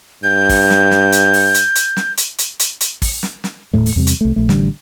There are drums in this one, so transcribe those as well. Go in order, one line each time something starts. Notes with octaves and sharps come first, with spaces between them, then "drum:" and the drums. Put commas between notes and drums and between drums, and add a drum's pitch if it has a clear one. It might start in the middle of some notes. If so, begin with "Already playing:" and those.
G2 G6
drum: kick, open hi-hat
drum: snare
drum: snare
drum: hi-hat
drum: open hi-hat
drum: hi-hat
drum: hi-hat
drum: snare
drum: hi-hat
drum: hi-hat
drum: hi-hat
drum: hi-hat
drum: kick, open hi-hat
drum: snare
drum: snare
D#1 C2 A2 A3
drum: open hi-hat
E2 C3 G3
drum: hi-hat
C2 A3
A#1 A3
A1 D3 G3, drum: snare